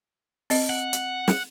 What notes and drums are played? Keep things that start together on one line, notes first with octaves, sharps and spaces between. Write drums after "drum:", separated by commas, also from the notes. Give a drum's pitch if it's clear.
C4 D#5, drum: open hi-hat
F#5
drum: hi-hat
drum: snare